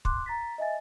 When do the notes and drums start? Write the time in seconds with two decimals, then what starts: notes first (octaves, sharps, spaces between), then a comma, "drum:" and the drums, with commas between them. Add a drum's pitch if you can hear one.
0.05 C6 D6 F#6, drum: kick
0.26 A#5 A6 B6
0.58 D#5 E5 G#5 A6